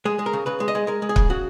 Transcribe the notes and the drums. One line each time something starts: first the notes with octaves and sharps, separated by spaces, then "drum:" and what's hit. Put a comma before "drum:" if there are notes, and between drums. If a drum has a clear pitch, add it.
G#3 G#4
G#3
A#4
C#3
C#3 B4
G#3
D#5
G#3
G#3 A#4
G#3
G#4
C#3, drum: kick
C#3 F#4